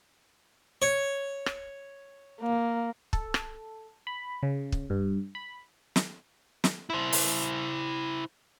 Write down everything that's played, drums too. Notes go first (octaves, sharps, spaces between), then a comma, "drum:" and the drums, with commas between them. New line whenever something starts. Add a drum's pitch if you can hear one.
C#5
drum: rim click
A#3
A4, drum: kick
drum: rim click
B5
C#3
drum: kick
G2
B5
drum: snare
drum: snare
E4 C5
drum: open hi-hat